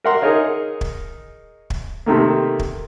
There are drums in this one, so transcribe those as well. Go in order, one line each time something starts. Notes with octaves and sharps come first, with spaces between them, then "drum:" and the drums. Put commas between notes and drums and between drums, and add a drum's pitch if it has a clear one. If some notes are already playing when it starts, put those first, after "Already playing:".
A#4 E5 F#5 A#5 C6
D#4 G#4 A#4 C#5 D#5 F5
drum: kick
drum: kick
C3 D#3 A3 A#3
drum: kick